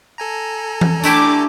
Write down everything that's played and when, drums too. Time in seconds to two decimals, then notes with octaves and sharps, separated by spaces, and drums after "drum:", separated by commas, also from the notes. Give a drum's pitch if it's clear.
0.18 A4 G#5 A#5
0.81 drum: tom E3
1.04 A3 D4 E4 G4 D6, drum: tambourine